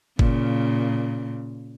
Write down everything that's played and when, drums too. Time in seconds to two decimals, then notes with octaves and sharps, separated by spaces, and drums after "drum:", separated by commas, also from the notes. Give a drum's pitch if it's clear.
0.19 A#2 C#3, drum: kick G1